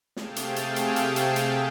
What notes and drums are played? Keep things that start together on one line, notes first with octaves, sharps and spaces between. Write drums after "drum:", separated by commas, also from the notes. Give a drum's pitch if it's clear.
C3 A3 G#4 F5 G5 A5, drum: snare
drum: hi-hat
drum: hi-hat
drum: hi-hat
drum: hi-hat
drum: hi-hat
drum: hi-hat